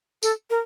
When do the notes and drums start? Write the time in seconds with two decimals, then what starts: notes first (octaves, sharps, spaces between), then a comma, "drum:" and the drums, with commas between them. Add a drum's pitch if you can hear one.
0.23 A4, drum: tambourine
0.50 A#4